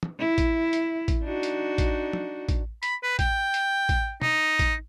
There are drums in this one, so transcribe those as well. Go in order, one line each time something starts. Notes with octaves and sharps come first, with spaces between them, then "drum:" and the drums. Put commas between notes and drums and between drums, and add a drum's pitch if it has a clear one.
drum: tom
E4
drum: kick A1, hi-hat
drum: hi-hat
drum: kick A1, hi-hat
D4 D#4 F#4
drum: hi-hat
drum: kick A1, hi-hat
drum: tom
drum: kick A1, hi-hat
B5, drum: hi-hat
B4
G5, drum: kick A1, hi-hat
drum: hi-hat
drum: kick A1, hi-hat
D#4, drum: tom
drum: kick A1, hi-hat